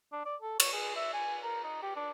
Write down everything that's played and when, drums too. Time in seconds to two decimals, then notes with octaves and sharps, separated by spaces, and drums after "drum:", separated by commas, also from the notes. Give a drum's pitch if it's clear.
0.12 D4
0.25 D5
0.42 A4
0.60 C#5, drum: cymbal
0.73 G#4
0.96 E5
1.14 G#5
1.43 A#4
1.64 D#4
1.82 G4
1.96 D4